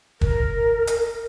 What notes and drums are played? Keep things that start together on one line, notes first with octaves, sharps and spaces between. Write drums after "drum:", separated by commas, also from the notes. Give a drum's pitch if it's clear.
A#4, drum: kick
drum: hi-hat